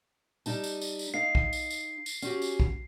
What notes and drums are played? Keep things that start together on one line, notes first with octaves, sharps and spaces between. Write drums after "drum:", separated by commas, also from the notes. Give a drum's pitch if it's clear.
G3 D#4 A5, drum: tambourine
drum: tambourine
drum: tambourine
drum: tambourine
D#4 F5 C7
drum: kick B1
drum: tambourine
drum: tambourine
drum: tambourine
C#4 F#4 G4, drum: tambourine
drum: tambourine
drum: kick B1